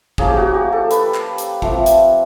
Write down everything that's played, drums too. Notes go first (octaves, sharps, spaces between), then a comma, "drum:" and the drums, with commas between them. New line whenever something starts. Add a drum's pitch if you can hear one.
F3 A#3 C#4 G#4, drum: kick
G4
F#4
G4
A4
B4, drum: hi-hat
drum: clap
drum: hi-hat
F3 A3 C4, drum: kick
drum: hi-hat